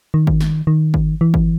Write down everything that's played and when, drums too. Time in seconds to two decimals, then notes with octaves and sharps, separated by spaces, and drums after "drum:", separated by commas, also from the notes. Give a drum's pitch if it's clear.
0.14 D#3
0.27 drum: kick G1
0.41 drum: snare
0.67 D#3
0.94 drum: kick G1
1.21 E3
1.34 drum: kick G1